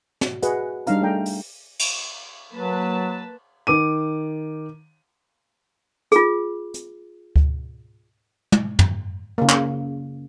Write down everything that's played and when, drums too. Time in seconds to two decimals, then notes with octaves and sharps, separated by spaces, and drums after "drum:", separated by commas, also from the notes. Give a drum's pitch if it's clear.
0.21 F#4, drum: snare
0.42 F#4 G#4 B4 D#5 E5 F#5, drum: hi-hat
0.87 G3 D4 D#4 F5 A#5, drum: hi-hat
1.01 A3 G#4 D5 D#5 G5 A#5
1.26 drum: open hi-hat
1.79 drum: cymbal
2.53 F#3 A#3 B4 A5
3.67 D#3 D6 D#7
6.12 F4 G#4, drum: hi-hat
6.74 drum: hi-hat
7.36 drum: kick D2
8.52 drum: tom
8.79 drum: tom
9.38 C#3 A#3
9.49 drum: clap